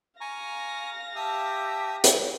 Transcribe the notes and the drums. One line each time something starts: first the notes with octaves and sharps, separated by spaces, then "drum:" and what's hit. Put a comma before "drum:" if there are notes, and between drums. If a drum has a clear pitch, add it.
F5 G#5 A#5 C#6 A#6
G4 E5 A5 D#6 E6
drum: hi-hat